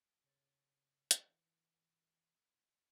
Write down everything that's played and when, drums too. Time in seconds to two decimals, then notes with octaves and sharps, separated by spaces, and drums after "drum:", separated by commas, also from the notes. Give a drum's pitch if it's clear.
0.24 C#3 C#5 A6
1.11 drum: hi-hat
1.28 E3